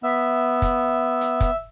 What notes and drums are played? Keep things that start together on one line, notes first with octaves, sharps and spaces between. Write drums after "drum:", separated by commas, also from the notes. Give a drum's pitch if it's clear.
B3 E5
drum: kick, hi-hat
drum: hi-hat
drum: kick, hi-hat